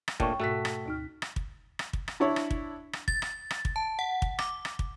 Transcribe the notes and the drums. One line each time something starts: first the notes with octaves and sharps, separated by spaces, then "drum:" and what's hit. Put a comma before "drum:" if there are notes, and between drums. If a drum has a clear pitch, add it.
drum: rim click
A#2 A3 D4 C#5 G5 C#6, drum: kick
G#2 B2 A3 F#4 A4 F#6 B6
drum: rim click
D2 D#4 F6
drum: rim click
drum: kick
drum: rim click
drum: kick
drum: rim click
D4 E4 C#5
drum: rim click
drum: kick
drum: rim click
A6, drum: kick
drum: rim click
drum: rim click
drum: kick
A5
F#5
drum: kick
D6, drum: rim click
drum: rim click
drum: kick